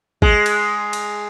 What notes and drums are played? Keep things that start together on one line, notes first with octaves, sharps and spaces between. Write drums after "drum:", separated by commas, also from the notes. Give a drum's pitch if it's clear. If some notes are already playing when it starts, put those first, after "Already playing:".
G#3, drum: kick
drum: cymbal
drum: cymbal